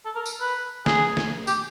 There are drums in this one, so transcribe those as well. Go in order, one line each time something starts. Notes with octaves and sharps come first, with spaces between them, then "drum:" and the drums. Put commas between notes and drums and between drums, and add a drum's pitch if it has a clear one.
A4
A#4
drum: tambourine
B4
G#4, drum: snare
drum: snare
G4, drum: tambourine